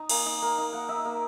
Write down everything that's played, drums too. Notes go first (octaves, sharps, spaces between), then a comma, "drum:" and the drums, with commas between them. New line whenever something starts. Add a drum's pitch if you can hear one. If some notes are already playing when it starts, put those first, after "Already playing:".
Already playing: D#4
A#3 G#5, drum: cymbal
D#4
A#3
D#4
A#3 F#5
D#4 E5
A#3